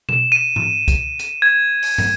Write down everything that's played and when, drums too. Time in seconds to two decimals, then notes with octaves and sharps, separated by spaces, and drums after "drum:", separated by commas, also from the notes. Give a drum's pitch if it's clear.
0.09 E7, drum: tom B2
0.32 D#7
0.56 drum: tom G#2
0.88 drum: kick C2, hi-hat
1.19 drum: hi-hat
1.42 G#6
1.83 drum: open hi-hat
1.98 drum: tom